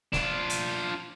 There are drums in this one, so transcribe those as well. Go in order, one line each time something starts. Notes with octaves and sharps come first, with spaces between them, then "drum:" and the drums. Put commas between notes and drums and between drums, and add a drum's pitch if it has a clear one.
D4 F4, drum: snare
drum: hi-hat